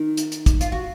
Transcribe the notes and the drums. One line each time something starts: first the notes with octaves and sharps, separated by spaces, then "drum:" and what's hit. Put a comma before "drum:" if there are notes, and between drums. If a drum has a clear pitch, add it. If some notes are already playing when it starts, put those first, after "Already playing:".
Already playing: D#3 D#4
drum: hi-hat
drum: hi-hat
drum: kick, hi-hat
F4, drum: hi-hat
F#4